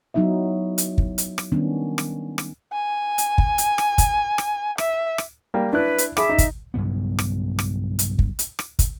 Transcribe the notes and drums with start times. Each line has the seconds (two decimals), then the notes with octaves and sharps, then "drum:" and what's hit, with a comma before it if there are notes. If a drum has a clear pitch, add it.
0.14 F#3 B3 D#4 E4 E5
0.78 drum: hi-hat
0.98 drum: kick
1.18 drum: hi-hat
1.38 drum: rim click
1.52 D#3 G3 B3 C#4 D4
1.98 drum: rim click
2.38 drum: rim click
2.72 G#5
3.18 drum: hi-hat
3.38 drum: kick
3.58 drum: hi-hat
3.78 drum: rim click
3.98 drum: kick, hi-hat
4.38 drum: rim click
4.78 E5, drum: rim click
5.18 drum: rim click
5.54 G3 A#3
5.73 D4 E4 B4 F#6
5.98 drum: hi-hat
6.17 G#4 E5 B5 D6, drum: rim click
6.29 D#4
6.38 drum: kick, hi-hat
6.74 B1 G2 C#3 B3
7.19 drum: rim click
7.59 drum: rim click
7.99 drum: hi-hat
8.19 drum: kick
8.39 drum: hi-hat
8.59 drum: rim click
8.79 drum: kick, hi-hat